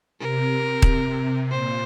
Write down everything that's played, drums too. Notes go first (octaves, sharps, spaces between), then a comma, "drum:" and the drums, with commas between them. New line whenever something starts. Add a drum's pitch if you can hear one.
C3 A#4
drum: kick D#1
A#2 C5